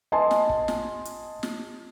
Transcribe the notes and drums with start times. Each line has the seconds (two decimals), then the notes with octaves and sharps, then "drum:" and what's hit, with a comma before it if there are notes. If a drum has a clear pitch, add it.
0.12 D#5 G#5 A5 C6
0.31 drum: snare
0.49 drum: kick
0.68 drum: snare
1.05 drum: hi-hat
1.43 drum: snare